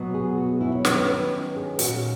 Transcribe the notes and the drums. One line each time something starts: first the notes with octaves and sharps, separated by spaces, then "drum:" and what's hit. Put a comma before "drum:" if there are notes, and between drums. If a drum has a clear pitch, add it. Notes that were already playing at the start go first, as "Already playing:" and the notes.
Already playing: B2 F#3 B3
G#4
F#4
E4
C#5
D#3 F#3 C#4 B4, drum: snare
B4
G#4
A#2 A#3 C#4 F#4, drum: hi-hat